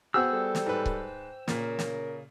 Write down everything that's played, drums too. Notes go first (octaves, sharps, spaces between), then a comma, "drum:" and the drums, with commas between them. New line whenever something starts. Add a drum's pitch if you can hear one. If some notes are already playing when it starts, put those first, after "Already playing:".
B3 F#4 G#4 C5 G5 E6 G6
G3 A4
drum: snare
G#2 B4
drum: kick C#1
A#2 C#3 A#4, drum: snare
drum: snare